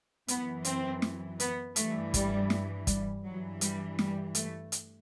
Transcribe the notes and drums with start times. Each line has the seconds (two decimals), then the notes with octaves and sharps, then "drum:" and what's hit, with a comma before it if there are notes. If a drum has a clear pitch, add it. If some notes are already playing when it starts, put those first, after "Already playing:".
0.28 F#2 E3 B3, drum: hi-hat
0.65 C4, drum: hi-hat
1.02 drum: snare
1.40 B3, drum: hi-hat
1.76 G2 E3 A3, drum: hi-hat
2.14 G3, drum: kick, hi-hat
2.50 drum: snare
2.87 G3, drum: kick, hi-hat
3.24 G2 E3 F#3
3.61 G3, drum: hi-hat
3.99 G3, drum: snare
4.35 A3, drum: hi-hat
4.72 drum: hi-hat